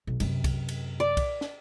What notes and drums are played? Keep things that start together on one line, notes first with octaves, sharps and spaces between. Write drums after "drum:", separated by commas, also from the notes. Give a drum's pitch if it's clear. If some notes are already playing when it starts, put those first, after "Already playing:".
B1
F#2 C3, drum: cymbal
drum: kick C2, cymbal
drum: cymbal
D5
drum: kick C2, cymbal
drum: snare